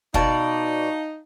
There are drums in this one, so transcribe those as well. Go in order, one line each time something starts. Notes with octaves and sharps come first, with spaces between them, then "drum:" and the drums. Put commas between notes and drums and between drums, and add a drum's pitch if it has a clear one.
B2 D#4 D5 F5 A5, drum: kick